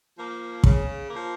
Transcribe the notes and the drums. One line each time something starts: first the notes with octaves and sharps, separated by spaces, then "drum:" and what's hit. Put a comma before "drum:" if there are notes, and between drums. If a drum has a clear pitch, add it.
F3 A#3
C#3, drum: kick
F3 A#3